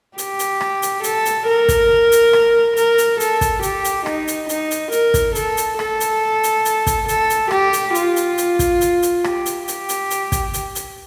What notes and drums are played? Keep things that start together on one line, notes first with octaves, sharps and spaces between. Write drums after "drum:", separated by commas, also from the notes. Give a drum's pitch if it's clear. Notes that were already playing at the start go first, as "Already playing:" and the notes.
G4, drum: hi-hat
drum: hi-hat
drum: rim click
drum: hi-hat
A4, drum: hi-hat
drum: hi-hat
A#4
drum: kick, hi-hat
drum: hi-hat
drum: rim click
A#4, drum: hi-hat
drum: hi-hat
A4, drum: hi-hat
drum: kick, hi-hat
G4, drum: hi-hat
drum: hi-hat
D#4, drum: rim click
drum: hi-hat
D#4, drum: hi-hat
drum: hi-hat
A#4, drum: hi-hat
drum: kick, hi-hat
A4, drum: hi-hat
drum: hi-hat
A4, drum: rim click
drum: hi-hat
drum: hi-hat
drum: hi-hat
drum: kick, hi-hat
A4, drum: hi-hat
drum: hi-hat
G4, drum: rim click
drum: hi-hat
F4, drum: hi-hat
drum: hi-hat
drum: hi-hat
drum: kick, hi-hat
drum: hi-hat
drum: hi-hat
G4, drum: rim click
drum: hi-hat
G4, drum: hi-hat
drum: hi-hat
drum: hi-hat
drum: kick, hi-hat
drum: hi-hat
drum: hi-hat